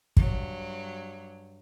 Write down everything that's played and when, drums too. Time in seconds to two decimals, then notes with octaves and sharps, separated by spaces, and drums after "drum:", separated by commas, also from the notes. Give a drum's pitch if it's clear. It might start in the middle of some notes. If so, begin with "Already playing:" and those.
0.17 G2 F#3, drum: kick